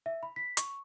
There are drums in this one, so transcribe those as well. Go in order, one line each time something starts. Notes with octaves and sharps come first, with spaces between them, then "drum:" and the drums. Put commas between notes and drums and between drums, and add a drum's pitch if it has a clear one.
E5
B5
B6
C#6, drum: hi-hat